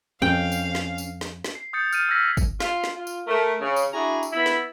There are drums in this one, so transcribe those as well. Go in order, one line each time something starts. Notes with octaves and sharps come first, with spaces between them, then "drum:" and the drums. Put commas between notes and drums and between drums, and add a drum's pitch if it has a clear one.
F2 C#4 F5 G5
drum: tambourine
drum: snare
drum: tambourine
drum: snare
drum: snare
C7
D#6 G6 A6 C#7
F6 D#7, drum: tambourine
E6 F6 G#6 A#6 B6
drum: kick, tambourine
F4 F5, drum: snare
drum: snare
F4
drum: tambourine
A3 A#4
C#3
drum: tambourine
D4 E4 F#4 G#4 G#5 A#5
drum: tambourine
B3 E4 B5
drum: snare